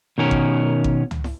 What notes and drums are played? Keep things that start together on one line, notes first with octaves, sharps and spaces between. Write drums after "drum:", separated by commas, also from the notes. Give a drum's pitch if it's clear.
B2 D#3 C#4 A#4
drum: kick G#1
drum: kick G#1
drum: tom
drum: snare